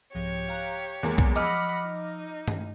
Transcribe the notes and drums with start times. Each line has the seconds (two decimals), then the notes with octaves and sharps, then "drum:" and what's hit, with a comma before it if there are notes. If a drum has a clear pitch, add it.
0.15 C2 G#2 F3 G4 C#5
0.48 F5 A#5 F#6
1.03 E2 F#3 G#3 A#3 B3
1.18 drum: kick
1.36 F3 D#5 F#5 B5 D6 E6 F6 A#6
1.87 D#4
2.48 drum: tom